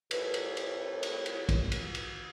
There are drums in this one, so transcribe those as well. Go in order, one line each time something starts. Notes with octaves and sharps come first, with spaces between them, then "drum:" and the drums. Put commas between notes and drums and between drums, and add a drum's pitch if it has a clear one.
C2 A2 B4, drum: cymbal
drum: cymbal
drum: cymbal
drum: cymbal
drum: cymbal
drum: kick, cymbal
drum: cymbal
drum: cymbal